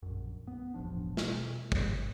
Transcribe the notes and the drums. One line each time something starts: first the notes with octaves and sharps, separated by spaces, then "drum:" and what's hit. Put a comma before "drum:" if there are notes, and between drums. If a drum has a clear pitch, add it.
A#1 F#2
B3
E1 A1 F3 D4
B2, drum: snare
G1, drum: kick